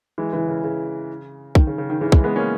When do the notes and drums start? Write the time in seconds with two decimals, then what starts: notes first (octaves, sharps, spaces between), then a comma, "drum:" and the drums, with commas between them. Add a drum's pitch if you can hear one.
0.18 E3 G#3
0.33 C#3 E3
0.48 C#3
0.64 C#3
1.55 D#3, drum: kick
1.67 C#3
1.78 C#3
1.90 D#3
2.01 C#3 E3
2.12 E3 G#3, drum: kick
2.24 G#3 B3
2.36 A#3 C#4